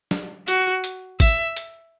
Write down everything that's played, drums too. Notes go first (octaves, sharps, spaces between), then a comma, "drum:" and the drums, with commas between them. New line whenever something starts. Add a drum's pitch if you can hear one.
drum: snare
F#4, drum: hi-hat
drum: hi-hat
E5, drum: kick, hi-hat
drum: hi-hat